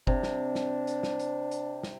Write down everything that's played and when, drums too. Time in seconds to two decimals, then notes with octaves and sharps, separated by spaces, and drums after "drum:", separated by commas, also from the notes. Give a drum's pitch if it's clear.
0.07 C3 D4, drum: kick F#1
0.23 drum: snare
0.55 drum: snare
0.87 drum: hi-hat
1.03 drum: snare
1.19 drum: hi-hat
1.51 drum: hi-hat
1.83 drum: snare